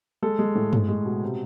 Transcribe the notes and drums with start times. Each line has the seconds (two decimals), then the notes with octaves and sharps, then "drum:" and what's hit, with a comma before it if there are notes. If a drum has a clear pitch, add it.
0.22 G#3 A4
0.39 G#3
0.55 A2
0.73 G#3, drum: tom G2
0.89 G#3
1.06 B2
1.22 C3